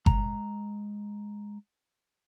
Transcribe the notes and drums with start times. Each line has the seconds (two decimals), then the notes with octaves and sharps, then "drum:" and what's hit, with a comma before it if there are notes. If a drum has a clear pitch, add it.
0.06 G#3 A#5, drum: kick G1